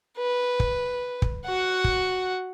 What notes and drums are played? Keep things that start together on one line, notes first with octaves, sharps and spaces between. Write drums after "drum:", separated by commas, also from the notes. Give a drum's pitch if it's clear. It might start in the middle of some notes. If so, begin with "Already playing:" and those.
B4
drum: kick
drum: kick
F#4 F#5
drum: kick